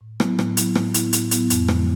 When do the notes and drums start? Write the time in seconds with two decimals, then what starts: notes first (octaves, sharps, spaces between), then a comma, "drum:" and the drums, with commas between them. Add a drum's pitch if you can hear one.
0.01 A2
0.20 F#3 B3 E4, drum: rim click
0.39 A2, drum: rim click
0.57 F#3 B3 E4, drum: hi-hat
0.75 A2, drum: rim click
0.94 F#3 B3 E4, drum: hi-hat
1.13 A2, drum: hi-hat
1.31 F#3 B3 E4, drum: hi-hat
1.50 F2, drum: hi-hat
1.68 D3 F3 G#3, drum: rim click